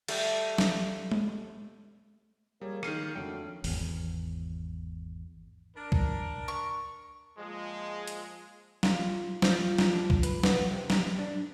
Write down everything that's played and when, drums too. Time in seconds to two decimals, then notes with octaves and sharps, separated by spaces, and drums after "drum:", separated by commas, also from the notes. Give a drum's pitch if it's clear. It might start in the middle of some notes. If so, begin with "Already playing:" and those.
0.08 G3 A3, drum: cymbal
0.58 drum: snare
1.12 drum: tom G#3
2.61 G3 A#3 G#4 C#5
2.83 D#3 F6 C7 D#7, drum: rim click
3.15 F2 D3 F#3 A3 G5
3.64 G#1 E2, drum: open hi-hat
5.76 D4 A#4
5.92 drum: kick C2
6.48 C#6
7.38 A#2 F3 G#3
8.07 drum: hi-hat
8.83 F4, drum: snare
9.42 F3, drum: snare
9.78 drum: snare
9.93 D4
10.10 drum: kick C2
10.23 B4, drum: hi-hat
10.43 B3, drum: snare
10.70 C3
10.90 drum: snare
11.19 D4